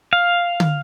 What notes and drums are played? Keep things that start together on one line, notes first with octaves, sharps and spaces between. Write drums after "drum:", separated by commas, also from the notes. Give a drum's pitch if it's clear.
F5
drum: tom D3